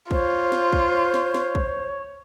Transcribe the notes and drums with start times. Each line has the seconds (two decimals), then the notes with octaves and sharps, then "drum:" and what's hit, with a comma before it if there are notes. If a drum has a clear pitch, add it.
0.11 F4 C5 C#5, drum: kick
0.52 drum: snare
0.73 drum: kick
1.14 drum: snare
1.34 drum: snare
1.55 drum: kick